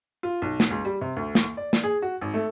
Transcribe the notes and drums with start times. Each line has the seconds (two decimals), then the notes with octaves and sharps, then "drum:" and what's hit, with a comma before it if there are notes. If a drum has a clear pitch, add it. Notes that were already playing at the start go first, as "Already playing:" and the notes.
0.23 F4
0.42 B1
0.60 drum: snare
0.71 C#2
0.85 G3
1.01 C3
1.16 D2
1.35 drum: snare
1.57 D5
1.73 drum: snare
1.84 G#4
2.02 F#4
2.21 G#1
2.34 A3